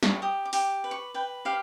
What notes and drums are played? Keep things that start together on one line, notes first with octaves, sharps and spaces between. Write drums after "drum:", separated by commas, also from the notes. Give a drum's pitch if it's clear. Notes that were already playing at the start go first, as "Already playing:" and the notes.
drum: snare
G4 D#6
D6
G4, drum: open hi-hat
B4
C#6
B4 G5
G4 F5